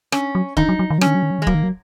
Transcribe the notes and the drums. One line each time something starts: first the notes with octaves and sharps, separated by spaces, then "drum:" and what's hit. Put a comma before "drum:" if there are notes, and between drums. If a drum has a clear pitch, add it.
C#4, drum: rim click
F#3
D#3 D#4, drum: kick
F#3
F#3
D#3
F#3
C#4, drum: rim click
D#3
F#3
D#3
F#3
D#3
G#3
F#3 A#3, drum: kick
D#3
F#3